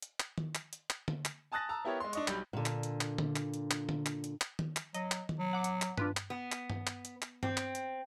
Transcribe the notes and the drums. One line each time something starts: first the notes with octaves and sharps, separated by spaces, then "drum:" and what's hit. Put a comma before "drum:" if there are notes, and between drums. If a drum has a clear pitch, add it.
drum: hi-hat
drum: clap
drum: tom D#3
drum: clap
drum: hi-hat
drum: clap
drum: tom D3
drum: clap
G#5 A5 D#6 F#6 A6 A#6
A5 A#5 E6
B3 E4 G4 A#4 C#5
G#3 C6
D4 D#5 C#6, drum: hi-hat
B1 G3 B5 G6, drum: clap
A#2 D3
drum: clap
drum: hi-hat
drum: clap
drum: tom D3
drum: clap
drum: hi-hat
drum: clap
drum: tom D3
drum: clap
drum: hi-hat
drum: clap
drum: tom D#3
drum: clap
F#3 D#5, drum: hi-hat
drum: clap
drum: tom D#3
F#3
F#5 D6
drum: hi-hat
drum: clap
D4 F4 B4, drum: tom G2
drum: clap
B3
drum: clap
drum: tom G2
drum: clap
drum: hi-hat
drum: clap
C4, drum: tom G2
drum: clap
drum: hi-hat